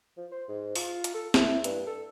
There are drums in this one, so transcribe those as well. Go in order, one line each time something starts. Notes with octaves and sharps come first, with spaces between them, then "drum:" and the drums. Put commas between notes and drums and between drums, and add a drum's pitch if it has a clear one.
F3
C5
G#2
F4, drum: open hi-hat
drum: hi-hat
A4
E4, drum: snare
G2, drum: hi-hat
A4